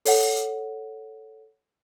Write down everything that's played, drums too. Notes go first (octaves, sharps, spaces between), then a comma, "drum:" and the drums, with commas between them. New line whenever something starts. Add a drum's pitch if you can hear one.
A4 C#5 F#5, drum: open hi-hat